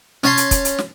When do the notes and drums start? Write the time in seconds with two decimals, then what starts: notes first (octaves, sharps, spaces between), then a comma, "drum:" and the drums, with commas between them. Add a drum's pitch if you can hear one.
0.24 C#4 C#5 G#5 A5 C6, drum: snare
0.37 drum: hi-hat
0.51 drum: kick, hi-hat
0.65 drum: hi-hat
0.78 drum: snare